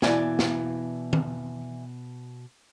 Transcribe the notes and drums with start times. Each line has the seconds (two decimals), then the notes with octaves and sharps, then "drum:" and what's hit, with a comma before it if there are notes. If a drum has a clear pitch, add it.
0.02 B2 E3 D5 G#5, drum: snare
0.39 drum: snare
1.13 drum: tom D#3